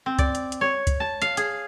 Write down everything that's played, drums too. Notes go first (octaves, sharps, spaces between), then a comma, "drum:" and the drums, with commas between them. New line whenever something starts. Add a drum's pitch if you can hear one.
C4
D5, drum: kick, hi-hat
drum: hi-hat
drum: hi-hat
C#5
drum: kick, hi-hat
A5
F5, drum: hi-hat
G#4, drum: hi-hat